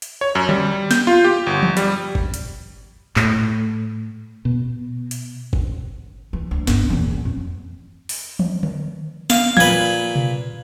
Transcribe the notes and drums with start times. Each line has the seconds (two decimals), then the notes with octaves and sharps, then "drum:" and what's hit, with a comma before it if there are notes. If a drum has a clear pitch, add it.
0.02 drum: hi-hat
0.21 C#5
0.35 F#2
0.49 G3, drum: tom D3
0.91 G6, drum: snare
1.07 F4
1.24 G4
1.47 G1
1.63 drum: tom E3
1.77 G3, drum: hi-hat
2.15 drum: kick G1
2.34 drum: hi-hat
3.16 A2, drum: clap
4.45 B2
5.11 drum: hi-hat
5.53 drum: kick G1
6.33 E3
6.51 D2
6.67 G1 C#2, drum: snare
6.90 E2 A#2
7.11 C#4
7.25 F2
8.09 drum: open hi-hat
8.39 drum: tom E3
8.63 drum: tom D3
9.30 F5, drum: snare
9.57 A#2 B4 G#6, drum: tom E3
10.15 drum: tom B2